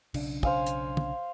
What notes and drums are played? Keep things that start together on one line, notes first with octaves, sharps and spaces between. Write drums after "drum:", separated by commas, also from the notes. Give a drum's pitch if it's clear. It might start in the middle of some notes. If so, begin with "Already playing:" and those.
B1 C#3 D4, drum: cymbal
C5 F5 G#5, drum: kick
drum: hi-hat
drum: tom